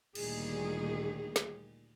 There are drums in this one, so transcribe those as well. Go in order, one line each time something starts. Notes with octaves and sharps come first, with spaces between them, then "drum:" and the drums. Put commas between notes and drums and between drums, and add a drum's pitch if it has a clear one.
D2 A#2 D#3 G3 G#4, drum: cymbal
drum: snare